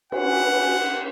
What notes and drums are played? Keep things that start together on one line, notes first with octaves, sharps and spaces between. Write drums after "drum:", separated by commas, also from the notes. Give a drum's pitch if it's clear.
F#4 B4 F#5 G#5, drum: cymbal